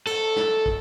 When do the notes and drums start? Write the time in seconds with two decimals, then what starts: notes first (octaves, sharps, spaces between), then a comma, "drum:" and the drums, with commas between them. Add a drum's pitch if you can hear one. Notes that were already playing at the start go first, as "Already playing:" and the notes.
0.07 A4, drum: cymbal
0.36 drum: snare
0.66 drum: kick